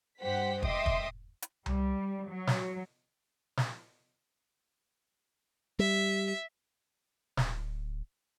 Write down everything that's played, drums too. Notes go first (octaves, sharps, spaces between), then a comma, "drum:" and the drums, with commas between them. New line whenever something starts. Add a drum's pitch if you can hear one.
G2 G4 C5 F#5 B6
D#5 E5 G5 C6 D6 D#6, drum: kick
drum: kick
drum: hi-hat
G3, drum: tom C2
F#3
drum: snare
drum: snare
G3 E5
D1, drum: snare